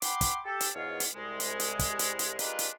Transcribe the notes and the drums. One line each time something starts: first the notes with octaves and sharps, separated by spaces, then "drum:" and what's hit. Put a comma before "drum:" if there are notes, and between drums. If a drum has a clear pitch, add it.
F#5 G5 B5 C6 D6, drum: hi-hat
drum: kick, hi-hat
G4 A4
drum: hi-hat
E2 G#2 B2 F4 C#5 F5
drum: hi-hat
C2 G#3
drum: hi-hat
drum: hi-hat
drum: kick, hi-hat
drum: hi-hat
drum: hi-hat
G3 G#3 A#3 D4 F4 B4, drum: hi-hat
drum: hi-hat